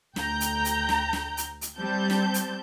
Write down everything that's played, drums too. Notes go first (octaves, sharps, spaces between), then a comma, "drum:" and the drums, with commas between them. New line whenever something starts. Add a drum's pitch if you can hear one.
D2 G5 A#5 G6, drum: snare
drum: hi-hat
drum: hi-hat
drum: snare
drum: snare
drum: hi-hat
drum: hi-hat
G3 C4 A5 G6
drum: snare
drum: hi-hat